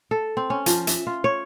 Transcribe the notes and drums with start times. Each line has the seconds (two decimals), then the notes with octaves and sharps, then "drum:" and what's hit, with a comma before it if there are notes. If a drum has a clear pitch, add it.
0.11 A4
0.37 C4
0.50 C#4
0.66 F3, drum: hi-hat
0.87 E5, drum: hi-hat
1.07 F4
1.24 C#5